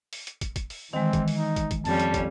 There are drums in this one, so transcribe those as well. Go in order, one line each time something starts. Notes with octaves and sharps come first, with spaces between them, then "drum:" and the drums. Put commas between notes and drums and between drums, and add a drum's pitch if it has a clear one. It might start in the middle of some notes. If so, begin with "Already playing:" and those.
drum: open hi-hat
drum: hi-hat
drum: kick, hi-hat
drum: kick, hi-hat
drum: open hi-hat
D#3 E3 G#3 C4
drum: kick, hi-hat
drum: open hi-hat
D#4
drum: kick, hi-hat
drum: kick, hi-hat
F2 G3 C#4 A5, drum: open hi-hat
drum: hi-hat
drum: kick, hi-hat